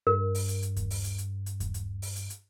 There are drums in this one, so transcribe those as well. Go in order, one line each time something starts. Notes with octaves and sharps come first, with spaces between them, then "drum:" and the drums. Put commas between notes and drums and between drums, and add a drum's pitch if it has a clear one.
G2 A#4
drum: open hi-hat
drum: hi-hat
drum: hi-hat
drum: kick D#2, hi-hat
drum: open hi-hat
drum: hi-hat
drum: hi-hat
drum: hi-hat
drum: kick D#2, hi-hat
drum: hi-hat
drum: open hi-hat
drum: hi-hat
drum: hi-hat